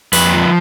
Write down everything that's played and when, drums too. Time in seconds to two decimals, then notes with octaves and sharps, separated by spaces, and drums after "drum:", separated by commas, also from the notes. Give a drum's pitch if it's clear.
0.13 F2 B4, drum: open hi-hat
0.34 F3